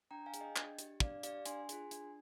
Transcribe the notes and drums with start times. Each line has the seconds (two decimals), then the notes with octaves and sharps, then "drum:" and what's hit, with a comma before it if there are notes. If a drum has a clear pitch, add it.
0.11 D4 G5 A#5
0.26 F5 G#5
0.34 G#4, drum: hi-hat
0.41 D#5 G5
0.56 D4, drum: clap
0.79 G4, drum: hi-hat
1.00 D4 D5 F5, drum: kick
1.23 G4 D5 F5, drum: hi-hat
1.46 D4 G#5 C6, drum: hi-hat
1.69 F4 G#4, drum: hi-hat
1.91 D4, drum: hi-hat